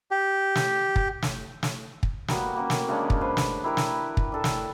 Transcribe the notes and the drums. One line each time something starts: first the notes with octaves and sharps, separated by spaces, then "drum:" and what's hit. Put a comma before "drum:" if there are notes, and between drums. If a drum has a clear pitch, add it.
G4
drum: snare
drum: kick
drum: snare
drum: snare
drum: kick
G3 A#3 B3 F#4, drum: snare
A#3 C#4
drum: snare
C#3 G#3 C#4 D4
drum: kick
B4 C5
drum: snare
E4 G4 A#4 B4
drum: snare
drum: kick
D4 A4
drum: snare